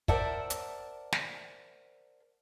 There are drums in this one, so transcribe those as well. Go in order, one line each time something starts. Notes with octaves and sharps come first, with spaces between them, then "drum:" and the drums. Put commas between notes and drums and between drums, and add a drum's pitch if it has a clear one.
A#4 C5 D5 E5 F#5 A5, drum: kick
drum: hi-hat
drum: snare